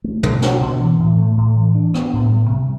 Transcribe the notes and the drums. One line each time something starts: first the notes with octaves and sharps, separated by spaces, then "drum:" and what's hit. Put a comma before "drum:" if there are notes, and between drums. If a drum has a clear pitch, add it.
A3
B2, drum: tom
D4, drum: snare
B2
E3
A2
A3
A2
E3
D4
B3, drum: rim click
A2
G3
C3